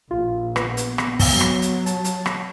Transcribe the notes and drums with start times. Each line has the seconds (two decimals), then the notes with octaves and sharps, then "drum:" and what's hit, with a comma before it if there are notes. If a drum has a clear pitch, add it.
0.11 A#1 F4
0.56 B3, drum: rim click
0.77 drum: hi-hat
0.98 drum: rim click
1.19 drum: kick, open hi-hat
1.30 F#3
1.41 drum: rim click
1.62 drum: hi-hat
1.86 A5, drum: hi-hat
2.04 drum: hi-hat
2.26 drum: rim click